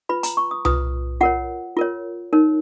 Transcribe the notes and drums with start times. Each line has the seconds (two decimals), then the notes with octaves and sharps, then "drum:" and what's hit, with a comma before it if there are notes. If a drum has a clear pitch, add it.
0.09 F4 B4 B5
0.23 A#5, drum: hi-hat
0.37 C#6
0.51 D#6
0.65 F4 B4 D#6, drum: tom C2
1.21 F4 A#4 C#5 F#5
1.77 F4 A#4 C#5
2.33 D#4 A#4 C#5